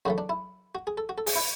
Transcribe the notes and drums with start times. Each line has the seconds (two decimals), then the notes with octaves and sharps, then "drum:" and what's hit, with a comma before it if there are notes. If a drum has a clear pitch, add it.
0.05 F#2 C#3 E3 A3 F#4
0.18 D4
0.29 E4
0.75 F#4
0.87 G#4
0.98 A4
1.09 F#4
1.18 A4
1.27 G#4, drum: open hi-hat
1.36 E4